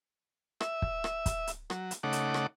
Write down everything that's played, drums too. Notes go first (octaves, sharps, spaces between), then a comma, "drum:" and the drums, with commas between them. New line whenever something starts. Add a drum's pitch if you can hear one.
E5, drum: rim click
drum: kick
drum: rim click
drum: kick, hi-hat
drum: hi-hat
F#3, drum: rim click
drum: hi-hat
C#3 A3 D#4 F#5 D6
drum: hi-hat
drum: rim click